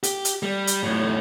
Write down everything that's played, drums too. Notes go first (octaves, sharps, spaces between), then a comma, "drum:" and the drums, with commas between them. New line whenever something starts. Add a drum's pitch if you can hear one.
G4, drum: hi-hat
drum: hi-hat
G3
drum: hi-hat
F#2 A2